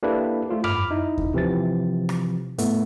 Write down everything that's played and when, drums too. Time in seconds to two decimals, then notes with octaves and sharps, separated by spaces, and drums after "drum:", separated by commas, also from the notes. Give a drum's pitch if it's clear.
0.03 A#3 D4 E4 G4 A4 B4
0.49 A3 F4 C5
0.64 B5 D6 F6, drum: tom F#2
0.91 D#4 E4
1.18 drum: kick D#2
1.34 C3 E3 F3 A6
2.09 drum: rim click
2.58 A2 A3 B3, drum: hi-hat